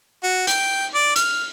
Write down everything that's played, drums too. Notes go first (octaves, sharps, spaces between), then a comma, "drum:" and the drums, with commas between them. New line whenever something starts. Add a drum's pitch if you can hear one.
F#4
G5, drum: hi-hat
D5
F6, drum: hi-hat